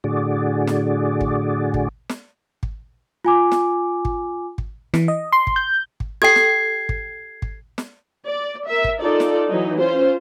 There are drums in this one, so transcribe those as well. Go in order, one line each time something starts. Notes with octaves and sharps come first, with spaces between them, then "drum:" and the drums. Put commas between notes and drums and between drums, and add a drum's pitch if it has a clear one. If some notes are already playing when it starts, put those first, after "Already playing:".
A2 D3 F#4 G#4 D5
drum: snare
drum: kick
drum: kick
drum: snare
drum: kick
F4 G#5 D6
drum: snare
drum: kick
drum: kick
E3, drum: snare
D#5
C6
drum: kick
G6
drum: kick
G4 A4 G5 G#6 C7
drum: snare
drum: kick
drum: kick
drum: snare
D5
A#4 E5
drum: kick
D#4 F4 A4 D5
drum: snare
E3 F#3 D#4
C#4 F4 C5